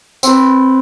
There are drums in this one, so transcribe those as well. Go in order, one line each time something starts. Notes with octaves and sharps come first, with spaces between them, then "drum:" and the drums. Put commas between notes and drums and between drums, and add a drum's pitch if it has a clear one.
C4 B4, drum: tambourine